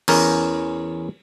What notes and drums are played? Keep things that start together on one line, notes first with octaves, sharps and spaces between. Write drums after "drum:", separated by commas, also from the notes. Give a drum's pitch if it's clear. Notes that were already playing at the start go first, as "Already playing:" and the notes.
E2 C#4 A#4, drum: cymbal